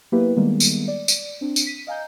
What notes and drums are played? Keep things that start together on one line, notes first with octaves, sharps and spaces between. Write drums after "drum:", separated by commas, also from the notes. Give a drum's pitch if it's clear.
F#3 A#3 B3 E4 G4 B4
D#3 G3 G#3 A#3 B3
drum: tambourine
D5
drum: tambourine
C4 D4
drum: tambourine
B6 D#7
D#5 F5 G#5 A#5 G6